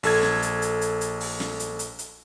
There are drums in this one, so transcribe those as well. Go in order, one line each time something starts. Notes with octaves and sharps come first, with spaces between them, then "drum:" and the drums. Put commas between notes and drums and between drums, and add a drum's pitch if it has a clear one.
A#1 A4 G#6, drum: open hi-hat
drum: snare
drum: hi-hat
drum: hi-hat
drum: hi-hat
drum: hi-hat
drum: open hi-hat
drum: snare
drum: hi-hat
drum: hi-hat
drum: hi-hat